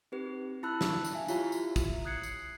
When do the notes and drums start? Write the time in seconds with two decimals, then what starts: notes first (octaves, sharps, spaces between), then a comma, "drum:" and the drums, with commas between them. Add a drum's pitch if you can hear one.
0.12 C4 D#4 G4 B4
0.63 E4 A5 B5 E6 F#6
0.81 drum: snare
1.05 drum: tambourine
1.15 E5 F5 G#5
1.28 E4 F4 G4 C#5 E5 A#5, drum: tambourine
1.52 drum: tambourine
1.76 drum: kick, tambourine
2.05 D#6 F#6 G#6 C7 C#7
2.23 drum: tambourine